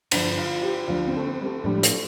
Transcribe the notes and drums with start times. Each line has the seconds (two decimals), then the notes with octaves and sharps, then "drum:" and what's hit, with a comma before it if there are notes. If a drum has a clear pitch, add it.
0.11 G2 D3 F3 D4, drum: cymbal
0.37 F4
0.62 G4
0.87 D2 D3 F3 D4 F4
1.07 C4
1.17 A3
1.26 C4
1.41 G3
1.45 A3
1.64 A2 F3 G3 D4
1.75 G3
1.83 A3, drum: hi-hat